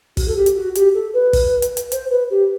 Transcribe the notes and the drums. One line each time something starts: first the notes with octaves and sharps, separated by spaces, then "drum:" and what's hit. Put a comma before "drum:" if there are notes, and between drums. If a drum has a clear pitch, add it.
F#4, drum: kick, open hi-hat
A4
G4
drum: hi-hat
F#4
G4, drum: hi-hat
A4
B4
drum: kick, open hi-hat
drum: hi-hat
drum: hi-hat
C5, drum: hi-hat
B4
G4